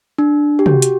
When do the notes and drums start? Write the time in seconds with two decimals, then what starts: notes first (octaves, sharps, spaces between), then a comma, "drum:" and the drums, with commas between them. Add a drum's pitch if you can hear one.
0.18 D4
0.59 G4
0.66 F#4, drum: tom C3
0.82 drum: hi-hat